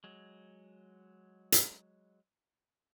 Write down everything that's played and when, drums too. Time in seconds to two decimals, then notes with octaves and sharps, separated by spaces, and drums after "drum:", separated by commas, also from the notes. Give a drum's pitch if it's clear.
0.04 F#3 G#3
1.52 drum: hi-hat